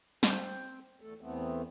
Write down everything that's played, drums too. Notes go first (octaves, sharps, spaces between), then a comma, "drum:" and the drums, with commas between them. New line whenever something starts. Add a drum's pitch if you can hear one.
C4 G5, drum: snare
E2 A3 A4
E2 E3 A3 B3 C4